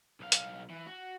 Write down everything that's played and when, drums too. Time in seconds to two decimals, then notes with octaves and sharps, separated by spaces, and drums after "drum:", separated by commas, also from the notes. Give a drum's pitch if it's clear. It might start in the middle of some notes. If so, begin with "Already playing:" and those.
0.20 B1 F5
0.32 drum: hi-hat
0.70 E3
0.87 F#4